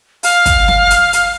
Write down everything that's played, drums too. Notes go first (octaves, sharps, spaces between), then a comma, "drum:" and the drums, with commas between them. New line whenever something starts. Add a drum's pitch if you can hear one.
F5, drum: open hi-hat
drum: kick, hi-hat
drum: snare
drum: hi-hat
drum: hi-hat